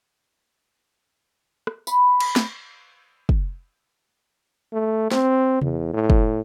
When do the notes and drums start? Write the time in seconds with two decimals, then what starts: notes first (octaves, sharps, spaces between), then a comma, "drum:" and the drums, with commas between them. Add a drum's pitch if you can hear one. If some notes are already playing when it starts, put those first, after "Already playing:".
1.67 drum: rim click
1.87 B5, drum: tambourine
2.20 drum: cymbal
2.36 drum: snare
3.29 drum: kick
4.73 A3
5.11 C4, drum: snare
5.61 E2, drum: tom C3
5.93 A2
6.10 drum: kick